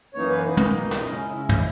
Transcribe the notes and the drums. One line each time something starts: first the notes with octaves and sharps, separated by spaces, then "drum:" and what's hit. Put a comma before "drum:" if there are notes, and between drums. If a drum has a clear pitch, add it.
F#2 E3 A#3 D#4 C#5
B4
B2 A#3 D#4 B4
D#5, drum: tom
B2 A#3 D#4
drum: snare
C#3 G#3 C#4 E4
D#5
C#3 G#3 C#4 E4 E5
drum: tom